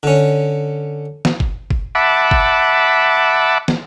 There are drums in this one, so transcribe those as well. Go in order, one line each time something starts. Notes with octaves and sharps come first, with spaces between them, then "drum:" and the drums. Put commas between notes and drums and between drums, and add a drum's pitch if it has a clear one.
D3 C#4
drum: snare
drum: kick G1
drum: kick G1
E5 F#5 A5 B5 D6
drum: kick G1
drum: snare